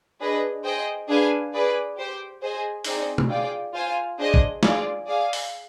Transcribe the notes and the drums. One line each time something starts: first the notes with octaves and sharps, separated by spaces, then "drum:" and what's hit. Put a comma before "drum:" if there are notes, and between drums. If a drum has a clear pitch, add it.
D4 G#4 B4 D#5
G#4 C5 D#5 G5
D4 G#4 B4 F5 G#5
G#4 B4 D5
G4 C5 G5
G#4 C5 D#5 G#5
C4 D#4 G#4 D5, drum: open hi-hat
drum: tom
F4 G#4 D5 G5
F4 C5 F5 G#5
D4 G#4 C5 D#5
drum: kick A1
F4 G#4 D5, drum: snare
G#4 D5 F5 G#5
drum: open hi-hat